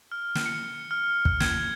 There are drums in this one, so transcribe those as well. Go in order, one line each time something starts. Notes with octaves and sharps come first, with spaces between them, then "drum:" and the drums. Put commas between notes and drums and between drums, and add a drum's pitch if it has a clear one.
F6
drum: snare
C#7
F6
drum: kick
G#6, drum: snare